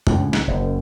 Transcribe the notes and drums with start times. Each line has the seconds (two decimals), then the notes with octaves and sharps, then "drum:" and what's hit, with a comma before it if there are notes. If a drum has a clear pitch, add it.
0.07 C#2 A2 D3, drum: tom F#2
0.33 drum: snare
0.48 F#1 F#2